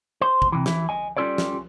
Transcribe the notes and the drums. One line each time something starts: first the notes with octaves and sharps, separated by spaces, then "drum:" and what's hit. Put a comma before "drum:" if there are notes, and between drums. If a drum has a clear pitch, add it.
C5
drum: kick
C3 E3
E3 E4, drum: snare
D#5 G#5
G3 C#4 F4 A4 C#5 D5
drum: snare